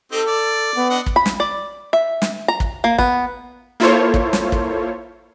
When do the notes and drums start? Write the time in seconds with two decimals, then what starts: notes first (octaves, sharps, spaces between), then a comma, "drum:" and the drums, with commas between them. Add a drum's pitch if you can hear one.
0.12 C4 D#4 G4 A4
0.27 D5
0.75 B3
0.90 D4 D#5 F#5
1.06 drum: kick
1.16 B5
1.26 drum: snare
1.40 D5
1.93 E5
2.22 drum: snare
2.48 A#5
2.60 drum: kick
2.84 A#3
2.98 B3, drum: kick
3.80 A#3 E4 F4 A4 C5 C#5
4.14 drum: kick
4.33 drum: snare
4.52 drum: kick